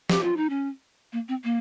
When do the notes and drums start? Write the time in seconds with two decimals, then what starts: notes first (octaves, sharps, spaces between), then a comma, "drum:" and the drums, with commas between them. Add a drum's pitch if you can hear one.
0.09 G4, drum: snare
0.23 F4
0.37 D#4
0.50 C#4
1.13 A#3
1.28 C4
1.44 A#3